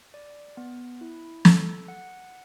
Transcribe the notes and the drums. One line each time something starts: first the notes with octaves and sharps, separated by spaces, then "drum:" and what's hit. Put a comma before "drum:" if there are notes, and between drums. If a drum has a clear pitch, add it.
D5
B3
E4
A4, drum: snare
F#5